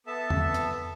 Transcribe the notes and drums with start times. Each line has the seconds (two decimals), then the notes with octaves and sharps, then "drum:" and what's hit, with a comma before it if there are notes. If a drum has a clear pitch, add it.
0.06 B3 A4 E5 A5
0.30 drum: tom E2
0.54 drum: hi-hat